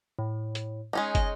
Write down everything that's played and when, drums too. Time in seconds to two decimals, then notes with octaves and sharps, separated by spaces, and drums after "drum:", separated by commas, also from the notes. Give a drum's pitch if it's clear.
0.19 A2
0.55 drum: hi-hat
0.93 G#3 C#4 D#4
1.15 D#5, drum: kick, hi-hat